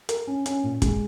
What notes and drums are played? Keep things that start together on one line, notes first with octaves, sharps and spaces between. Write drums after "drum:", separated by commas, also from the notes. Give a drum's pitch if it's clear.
A#4, drum: hi-hat
C#4
C#4, drum: hi-hat
A#2
G#3, drum: kick, hi-hat